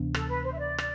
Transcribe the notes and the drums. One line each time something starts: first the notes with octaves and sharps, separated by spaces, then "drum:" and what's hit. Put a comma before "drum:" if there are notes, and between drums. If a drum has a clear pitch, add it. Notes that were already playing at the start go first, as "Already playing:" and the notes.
Already playing: D2 C3 E3 B3 D4
A4, drum: rim click
B4
C5
E5
D5
drum: rim click